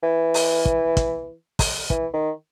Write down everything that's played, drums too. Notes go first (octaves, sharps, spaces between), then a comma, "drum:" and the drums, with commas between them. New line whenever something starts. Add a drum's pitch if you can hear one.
E3
drum: open hi-hat
drum: kick
drum: kick, hi-hat
drum: kick, open hi-hat
E3, drum: kick
D#3